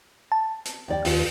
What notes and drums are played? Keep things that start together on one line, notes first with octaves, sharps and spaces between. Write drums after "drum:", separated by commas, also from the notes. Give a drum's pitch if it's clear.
A5
drum: hi-hat
D#2 D5 G5
D#2 F4, drum: open hi-hat